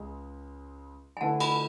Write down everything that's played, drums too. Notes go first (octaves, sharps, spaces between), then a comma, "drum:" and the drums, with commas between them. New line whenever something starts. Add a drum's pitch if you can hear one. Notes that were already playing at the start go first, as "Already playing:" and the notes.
Already playing: C#2 C#3 G#3
G#5
D3 A3 E4 B4 F#5 A5
G#5 B5, drum: cymbal